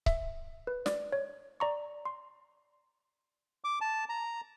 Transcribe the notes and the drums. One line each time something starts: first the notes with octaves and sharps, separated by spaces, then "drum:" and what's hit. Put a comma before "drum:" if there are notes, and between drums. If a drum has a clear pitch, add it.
E5, drum: kick C#1
B4
D5, drum: snare
C#5
D5 A#5 C#6
C6
D6
A5
A#5